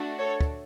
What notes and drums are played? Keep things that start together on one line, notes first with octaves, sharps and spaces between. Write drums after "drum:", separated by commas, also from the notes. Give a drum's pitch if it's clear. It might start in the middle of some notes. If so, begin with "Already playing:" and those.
Already playing: A3 D4 F#4
A4 C#5
drum: kick